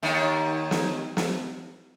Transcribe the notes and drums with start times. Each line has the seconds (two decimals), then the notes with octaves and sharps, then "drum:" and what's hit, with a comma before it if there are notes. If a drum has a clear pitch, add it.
0.03 D#2 D#3
0.71 drum: snare
1.17 drum: snare